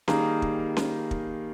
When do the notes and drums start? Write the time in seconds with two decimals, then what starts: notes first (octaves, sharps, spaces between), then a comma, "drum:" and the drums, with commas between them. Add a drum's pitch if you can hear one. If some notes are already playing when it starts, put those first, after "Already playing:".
0.08 D#3 G3 A#3 D#4 G#4, drum: snare C#4
0.42 drum: kick
0.77 drum: snare C#4
1.11 drum: kick